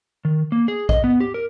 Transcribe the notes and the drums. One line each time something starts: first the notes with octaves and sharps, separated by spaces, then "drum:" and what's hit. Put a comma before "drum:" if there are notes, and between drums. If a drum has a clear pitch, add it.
D#3
A#3
G#4
D#5, drum: kick A#1
B3
G4
A#4